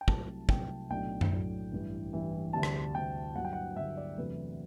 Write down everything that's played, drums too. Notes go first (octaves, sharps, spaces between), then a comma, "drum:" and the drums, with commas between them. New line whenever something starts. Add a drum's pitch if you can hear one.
G5
C2 C3 F#3 A3 A5, drum: kick
C2 C3 F#3 A3 G5, drum: kick
B1 A2 F#3 A3 D4 G5
drum: tom F#2
B1 A2 F#3 A3 D4
A1 G2 E3
A1 G2 E3
D2 C3 G3 A5
drum: rim click
D2 C3 G3 G5
G2 D3 F#3 F#5
G5
F#5
G2 D3 F#3 E5
D5
E2 C3 F#3 A3 D4 B4